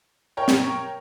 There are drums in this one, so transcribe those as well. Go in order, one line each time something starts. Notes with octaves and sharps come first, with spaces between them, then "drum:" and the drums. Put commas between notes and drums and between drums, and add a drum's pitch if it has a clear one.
A#4 C#5 G5
drum: snare